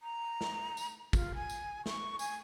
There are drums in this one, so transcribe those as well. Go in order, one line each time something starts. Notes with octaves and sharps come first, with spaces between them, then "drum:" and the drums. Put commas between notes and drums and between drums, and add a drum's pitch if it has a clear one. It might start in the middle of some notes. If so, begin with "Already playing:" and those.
A#5
drum: snare
drum: tambourine
F4, drum: kick, tambourine
G#5
drum: tambourine
C#6, drum: snare
G#5, drum: tambourine